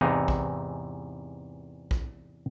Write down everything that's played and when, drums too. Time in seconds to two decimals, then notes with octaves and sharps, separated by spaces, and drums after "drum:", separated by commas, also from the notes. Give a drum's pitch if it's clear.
0.01 E2 G#2 C3 E3 D#4 F5
0.28 drum: kick
1.91 drum: kick